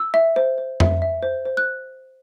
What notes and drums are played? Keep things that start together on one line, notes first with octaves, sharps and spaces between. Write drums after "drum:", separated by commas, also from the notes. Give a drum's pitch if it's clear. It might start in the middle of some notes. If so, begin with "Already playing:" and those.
Already playing: E6
E5
C5
C5
E5, drum: tom F2
E5
C5
C5
F#6